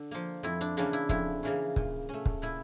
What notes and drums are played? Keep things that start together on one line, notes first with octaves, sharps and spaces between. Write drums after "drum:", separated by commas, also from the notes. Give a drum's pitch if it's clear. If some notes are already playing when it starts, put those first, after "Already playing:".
Already playing: D3
F3 A#3
F2 E4
D4
C#3 E3 A#3 C#4 D4
E4
F2 E4, drum: kick
C#3 E3 A#3 C#4
A#2, drum: kick
A3 C#4
drum: kick
A#2 E4